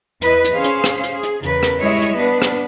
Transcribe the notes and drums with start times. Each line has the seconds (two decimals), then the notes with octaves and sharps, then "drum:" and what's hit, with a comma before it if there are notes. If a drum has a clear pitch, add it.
0.22 E2 E4 B4 D#5, drum: hi-hat
0.44 drum: hi-hat
0.54 C#4 G#4 C5 F5
0.64 drum: hi-hat
0.84 drum: rim click
1.04 drum: hi-hat
1.14 G#4
1.23 drum: hi-hat
1.43 E2 C#3 A#4 B4, drum: hi-hat
1.63 drum: rim click
1.77 G3 G#3 E4 C#5 D#5 E5
2.02 drum: hi-hat
2.16 B3 D4 B4
2.42 drum: rim click